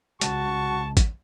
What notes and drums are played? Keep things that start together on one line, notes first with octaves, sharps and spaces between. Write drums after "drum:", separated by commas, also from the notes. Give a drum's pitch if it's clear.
C2 C#3 G#3 F#4 A5 C#6, drum: hi-hat
drum: kick, hi-hat